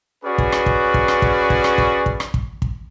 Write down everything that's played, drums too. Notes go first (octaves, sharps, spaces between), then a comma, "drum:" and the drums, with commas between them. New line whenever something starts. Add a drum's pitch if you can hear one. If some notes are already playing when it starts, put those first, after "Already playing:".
C#4 F#4 G#4 B4 D5
drum: kick
drum: rim click
drum: kick
drum: kick
drum: rim click
drum: kick
drum: kick
drum: rim click
drum: kick
drum: kick
drum: rim click
drum: kick
drum: kick